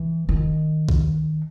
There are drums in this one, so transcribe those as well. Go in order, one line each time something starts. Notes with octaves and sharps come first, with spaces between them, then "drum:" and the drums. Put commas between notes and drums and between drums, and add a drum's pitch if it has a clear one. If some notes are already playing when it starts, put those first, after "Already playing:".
Already playing: E3
D#3
drum: kick B1